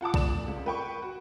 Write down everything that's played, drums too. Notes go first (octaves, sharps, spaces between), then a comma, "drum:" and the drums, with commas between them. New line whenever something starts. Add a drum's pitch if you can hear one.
F4 F#5 A5 D6
D2 D5 E7, drum: kick
C#2
B4 G5 C#6
F#4